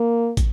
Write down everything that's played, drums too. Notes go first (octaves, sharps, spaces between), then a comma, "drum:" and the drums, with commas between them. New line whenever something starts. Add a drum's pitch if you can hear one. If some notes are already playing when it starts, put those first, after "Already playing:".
Already playing: A#3
drum: kick, hi-hat